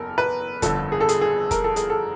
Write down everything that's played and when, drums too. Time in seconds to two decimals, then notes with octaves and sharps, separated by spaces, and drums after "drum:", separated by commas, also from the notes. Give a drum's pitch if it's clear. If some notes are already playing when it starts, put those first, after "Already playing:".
Already playing: F#1 E2 A4 A#4
0.18 B4
0.62 G1 F2 D3 A4, drum: kick, hi-hat
0.92 G#4
1.01 A4
1.09 G#4, drum: hi-hat
1.21 G#4
1.51 A#4, drum: kick, hi-hat
1.64 A4
1.76 G#4, drum: hi-hat
1.90 A4